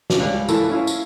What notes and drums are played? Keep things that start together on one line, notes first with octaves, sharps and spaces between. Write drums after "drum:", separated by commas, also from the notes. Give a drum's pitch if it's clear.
drum: snare
C#2 G3
E3 A3 E4 F4 A5, drum: tambourine
C#4 E4 F5
drum: tambourine